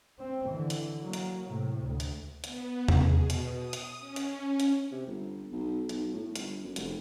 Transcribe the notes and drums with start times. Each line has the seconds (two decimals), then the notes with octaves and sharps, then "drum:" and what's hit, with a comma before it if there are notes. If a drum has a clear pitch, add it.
0.19 C4
0.49 D3 E3
0.70 drum: hi-hat
1.01 F#3 A#3
1.13 drum: hi-hat
1.50 A2 C3
1.83 D2
2.00 drum: hi-hat
2.44 B3, drum: hi-hat
2.88 G#4, drum: tom E2
3.19 B2
3.30 drum: hi-hat
3.55 D#6
3.73 drum: hi-hat
3.99 C#4
4.16 drum: hi-hat
4.60 drum: hi-hat
4.92 C3
5.07 G1
5.53 B1
5.89 B1, drum: hi-hat
6.13 A2
6.36 G1, drum: hi-hat
6.64 F#2
6.76 F1, drum: hi-hat